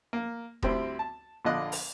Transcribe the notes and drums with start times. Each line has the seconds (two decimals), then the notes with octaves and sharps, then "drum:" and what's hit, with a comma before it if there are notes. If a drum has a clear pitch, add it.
0.13 A#3
0.63 D2 G3 C4 E4, drum: kick E1
0.99 A5
1.45 A#1 D3 D4 F4 D#5 F#6
1.72 drum: open hi-hat